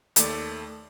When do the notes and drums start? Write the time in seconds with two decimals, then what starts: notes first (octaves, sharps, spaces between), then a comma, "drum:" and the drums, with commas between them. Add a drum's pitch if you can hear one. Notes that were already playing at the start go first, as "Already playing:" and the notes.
0.16 D#2 A3 D5, drum: hi-hat